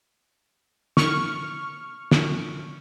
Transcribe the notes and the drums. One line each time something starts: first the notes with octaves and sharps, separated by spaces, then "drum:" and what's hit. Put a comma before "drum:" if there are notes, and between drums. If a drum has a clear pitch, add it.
C#6 F6, drum: snare
drum: snare